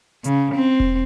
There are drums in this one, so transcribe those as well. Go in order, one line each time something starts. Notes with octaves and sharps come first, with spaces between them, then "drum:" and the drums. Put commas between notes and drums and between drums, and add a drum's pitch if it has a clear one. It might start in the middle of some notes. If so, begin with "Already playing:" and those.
C#3, drum: hi-hat
C4
drum: kick E1